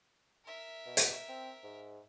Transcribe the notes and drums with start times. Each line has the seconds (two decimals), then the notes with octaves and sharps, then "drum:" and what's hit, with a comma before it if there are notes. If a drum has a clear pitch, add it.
0.45 A#4 E5
0.86 B2
0.97 drum: hi-hat
1.29 C4
1.63 G#2